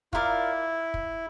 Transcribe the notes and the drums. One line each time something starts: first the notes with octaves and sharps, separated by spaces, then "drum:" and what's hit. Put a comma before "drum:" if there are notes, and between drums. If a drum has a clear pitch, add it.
E4 F4 A#4 D5 F5, drum: kick
drum: kick